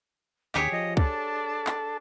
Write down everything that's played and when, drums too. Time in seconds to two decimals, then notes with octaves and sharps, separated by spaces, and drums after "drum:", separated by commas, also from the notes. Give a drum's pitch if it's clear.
0.55 D#2 G4 G#4 C#5 B6, drum: clap
0.72 F3 D#5
0.97 D4 A4 A5, drum: kick
1.67 drum: clap